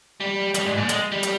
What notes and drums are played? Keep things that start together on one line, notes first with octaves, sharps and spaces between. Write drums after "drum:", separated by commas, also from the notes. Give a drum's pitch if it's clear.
G3
G3, drum: hi-hat
G#2
A#2
G#3, drum: hi-hat
G3
drum: hi-hat